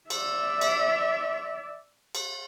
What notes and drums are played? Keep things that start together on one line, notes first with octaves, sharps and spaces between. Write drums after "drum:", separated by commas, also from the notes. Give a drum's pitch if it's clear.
D5 E5, drum: cymbal
drum: cymbal
drum: cymbal